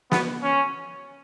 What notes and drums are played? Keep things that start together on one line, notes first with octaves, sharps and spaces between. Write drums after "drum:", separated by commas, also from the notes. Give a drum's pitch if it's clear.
B3, drum: snare
C#4